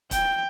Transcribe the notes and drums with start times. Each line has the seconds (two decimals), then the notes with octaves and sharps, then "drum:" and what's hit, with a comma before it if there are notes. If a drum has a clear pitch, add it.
0.11 G5, drum: kick, hi-hat